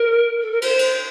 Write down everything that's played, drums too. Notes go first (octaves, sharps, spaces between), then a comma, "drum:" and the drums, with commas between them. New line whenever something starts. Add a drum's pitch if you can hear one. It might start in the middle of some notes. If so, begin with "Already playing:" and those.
Already playing: A#4
A4
A#4
C5, drum: cymbal
drum: cymbal